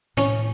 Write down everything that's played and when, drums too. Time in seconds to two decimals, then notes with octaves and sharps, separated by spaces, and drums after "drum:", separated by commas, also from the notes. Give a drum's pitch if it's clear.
0.17 A2 C#4, drum: hi-hat